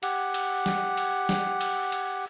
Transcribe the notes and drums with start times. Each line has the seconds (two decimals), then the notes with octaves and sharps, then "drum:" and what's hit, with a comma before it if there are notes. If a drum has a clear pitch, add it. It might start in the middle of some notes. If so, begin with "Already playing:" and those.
0.03 G4 F#5, drum: cymbal
0.34 drum: cymbal
0.66 drum: snare
0.97 drum: cymbal
1.29 drum: snare
1.61 drum: cymbal
1.92 drum: cymbal